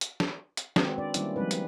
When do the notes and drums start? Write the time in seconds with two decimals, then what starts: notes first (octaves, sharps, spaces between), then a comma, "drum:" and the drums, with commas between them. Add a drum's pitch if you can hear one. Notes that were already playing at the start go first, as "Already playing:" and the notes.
0.01 drum: hi-hat
0.20 drum: snare
0.57 drum: hi-hat
0.76 D#3 G#3 C4 F#4 B4, drum: snare
0.98 D4 D5
1.14 D#3 G3 A#3 C#4 E4, drum: hi-hat
1.36 F3 G3 G#3 C4 D#4 B4
1.51 drum: hi-hat